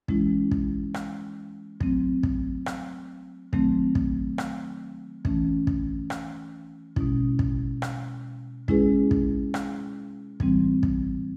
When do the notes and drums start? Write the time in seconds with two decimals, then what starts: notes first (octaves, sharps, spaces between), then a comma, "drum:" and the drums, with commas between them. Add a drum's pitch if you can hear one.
0.08 E3 G#3 C#4 E4, drum: kick
0.51 drum: kick
0.94 drum: rim click
1.81 F#3 A3 C4, drum: kick
2.23 drum: kick
2.66 drum: rim click
3.53 D#3 F#3 A3 C4, drum: kick
3.95 drum: kick
4.38 drum: rim click
5.25 E3 A3 C#4, drum: kick
5.67 drum: kick
6.10 drum: rim click
6.96 B2 G#3 C#4 E4, drum: kick
7.39 drum: kick
7.82 drum: rim click
8.68 G#3 C#4 E4 G#4 B4, drum: kick
9.11 drum: kick
9.54 drum: rim click
10.40 A2 E3 G3 C4, drum: kick
10.83 drum: kick